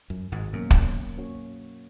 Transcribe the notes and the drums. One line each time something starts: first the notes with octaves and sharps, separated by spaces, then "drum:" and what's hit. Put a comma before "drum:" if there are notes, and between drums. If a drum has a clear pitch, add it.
F#2
G#1 G#2
F#2 B2 F#3 A#3 C#4
drum: kick
A#3 C#4 F#4 C#5